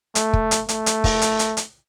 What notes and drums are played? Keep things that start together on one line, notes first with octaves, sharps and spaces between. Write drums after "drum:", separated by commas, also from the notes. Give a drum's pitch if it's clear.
A3, drum: hi-hat
drum: kick
drum: hi-hat
A3, drum: hi-hat
drum: hi-hat
drum: kick, open hi-hat
drum: hi-hat
drum: hi-hat
drum: hi-hat